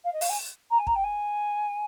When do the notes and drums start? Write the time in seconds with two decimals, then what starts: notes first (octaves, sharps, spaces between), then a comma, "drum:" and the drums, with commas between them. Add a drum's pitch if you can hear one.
0.04 F5
0.13 D#5
0.21 F5, drum: open hi-hat
0.29 G#5
0.70 A#5
0.79 G#5
0.87 A#5, drum: kick
0.95 G5
1.04 G#5